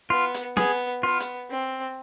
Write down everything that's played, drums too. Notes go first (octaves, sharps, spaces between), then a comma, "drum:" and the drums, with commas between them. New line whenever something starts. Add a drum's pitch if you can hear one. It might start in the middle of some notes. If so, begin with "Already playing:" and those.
B3 F4
drum: hi-hat
B3 G#4, drum: snare
B3 F4
drum: hi-hat
C4